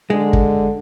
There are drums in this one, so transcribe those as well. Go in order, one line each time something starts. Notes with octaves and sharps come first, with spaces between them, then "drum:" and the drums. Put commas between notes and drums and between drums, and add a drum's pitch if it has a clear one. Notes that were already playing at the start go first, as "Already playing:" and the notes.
D3 G#3
drum: kick